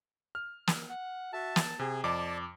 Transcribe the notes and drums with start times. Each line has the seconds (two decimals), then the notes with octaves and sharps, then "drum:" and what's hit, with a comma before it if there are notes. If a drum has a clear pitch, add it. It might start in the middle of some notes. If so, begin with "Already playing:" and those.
0.35 F6
0.67 drum: snare
0.90 F#5
1.33 F#4 E5 A5
1.56 drum: snare
1.79 C3 G#4
2.04 F2 D5 D#5 A5 D6